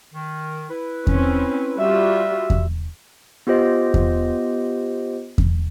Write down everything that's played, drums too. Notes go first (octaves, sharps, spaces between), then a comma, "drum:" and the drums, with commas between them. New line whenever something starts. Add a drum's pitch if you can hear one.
D#3
E4 B4
C4 C#4, drum: kick E2
G3 F4 F#4 E5
drum: kick E2
B3 F4 G4 C5 D#5
drum: kick E2
drum: kick E2